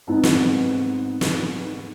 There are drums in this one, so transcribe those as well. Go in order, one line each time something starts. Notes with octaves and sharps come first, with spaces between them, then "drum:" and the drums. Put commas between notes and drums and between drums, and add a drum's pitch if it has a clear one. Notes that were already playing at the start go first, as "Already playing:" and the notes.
G#2 B3 C4 D#4
drum: snare
drum: snare